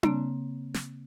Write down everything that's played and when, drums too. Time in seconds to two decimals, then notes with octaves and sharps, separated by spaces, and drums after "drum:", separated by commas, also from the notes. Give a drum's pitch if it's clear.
0.03 C#3 A#3 C4, drum: tom D4
0.74 drum: snare